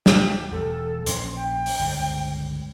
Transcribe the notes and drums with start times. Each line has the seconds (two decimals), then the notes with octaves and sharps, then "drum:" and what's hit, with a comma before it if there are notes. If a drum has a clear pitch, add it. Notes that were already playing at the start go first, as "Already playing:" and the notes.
0.06 G4, drum: snare
0.52 E1 E2 A4
1.06 A#1 C#4 C6, drum: hi-hat
1.36 G5
1.66 drum: open hi-hat
1.79 G1 C#2 C#3